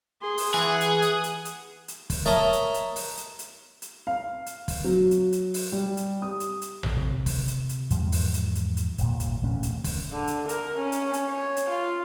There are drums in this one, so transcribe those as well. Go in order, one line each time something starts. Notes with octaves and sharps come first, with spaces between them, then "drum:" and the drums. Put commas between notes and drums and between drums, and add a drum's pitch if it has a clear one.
G#4 C6
drum: open hi-hat
E3 G#4 F#5
drum: hi-hat
drum: hi-hat
drum: hi-hat
drum: hi-hat
drum: hi-hat
drum: kick, open hi-hat
A#4 C#5 D#5 E5 A5 A#5
drum: hi-hat
drum: hi-hat
drum: open hi-hat
drum: hi-hat
drum: hi-hat
drum: hi-hat
F5
drum: hi-hat
drum: kick, open hi-hat
F#3
drum: hi-hat
drum: hi-hat
drum: open hi-hat
G3
drum: hi-hat
D#6
drum: hi-hat
drum: hi-hat
drum: tom A1
C3
drum: kick, open hi-hat
drum: hi-hat
drum: hi-hat
E2 G#2 F3, drum: hi-hat
drum: open hi-hat
drum: hi-hat
drum: hi-hat
drum: hi-hat
D#1 G#1 A#2, drum: hi-hat
drum: hi-hat
E1 D#2 A3 C#4
drum: hi-hat
drum: kick, open hi-hat
D3
drum: hi-hat
A#4, drum: hi-hat
C#4
drum: hi-hat
drum: hi-hat
C#5
drum: hi-hat
F4